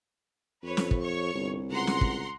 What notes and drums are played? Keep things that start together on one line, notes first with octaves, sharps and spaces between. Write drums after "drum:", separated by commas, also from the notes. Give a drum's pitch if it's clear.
F2 B4 C#5
drum: snare
drum: kick
C#5 C#6
G1 C2
C#2 F#5 A#5 C6
drum: snare
drum: kick